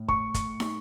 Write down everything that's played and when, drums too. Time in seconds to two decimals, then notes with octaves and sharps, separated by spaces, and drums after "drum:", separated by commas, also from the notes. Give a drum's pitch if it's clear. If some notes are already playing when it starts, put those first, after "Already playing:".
Already playing: A2
0.08 C#6, drum: kick
0.34 drum: kick, hi-hat
0.60 drum: snare